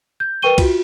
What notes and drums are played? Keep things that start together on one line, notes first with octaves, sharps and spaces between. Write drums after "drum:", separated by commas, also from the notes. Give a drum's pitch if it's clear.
G6
A#4 B4 G5 C#6 D#7 G7
F4 F#4, drum: kick, cymbal